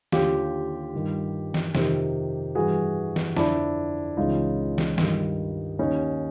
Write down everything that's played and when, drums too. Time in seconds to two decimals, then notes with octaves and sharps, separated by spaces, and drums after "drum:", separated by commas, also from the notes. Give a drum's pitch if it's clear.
0.12 D#2 D3 F4 G4, drum: snare
0.94 G2 D#3
1.54 drum: snare
1.75 F2 C3 D#3, drum: snare
2.55 G2 E3 F#4 G#4
3.16 drum: snare
3.36 F2 D3 D4 E4, drum: snare
4.17 C#2 C#3 E3 D#4 F4
4.78 drum: snare
4.98 G2 D#3, drum: snare
5.79 D#2 D#3 C#4 D#4